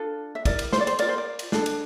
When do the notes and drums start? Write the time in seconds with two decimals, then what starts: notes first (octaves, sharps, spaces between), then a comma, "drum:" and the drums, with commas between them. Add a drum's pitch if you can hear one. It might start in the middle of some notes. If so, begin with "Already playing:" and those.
Already playing: D4 F4 A4
0.35 E5
0.45 E4 A#4 D5, drum: kick, cymbal
0.59 drum: cymbal
0.73 C5, drum: snare
0.80 D5
0.87 C5, drum: cymbal
0.99 F4 A#4 D5, drum: cymbal
1.09 C5
1.18 D5
1.39 drum: cymbal
1.52 D4 A4, drum: snare
1.66 drum: cymbal